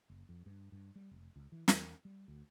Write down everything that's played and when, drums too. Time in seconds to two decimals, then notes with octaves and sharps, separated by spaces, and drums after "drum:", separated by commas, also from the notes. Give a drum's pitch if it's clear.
0.10 F#1
0.29 F2
0.46 G2
0.72 G2
0.96 G3
1.11 F1
1.36 C#2
1.52 E3
1.68 E2, drum: snare
2.05 G3
2.28 D2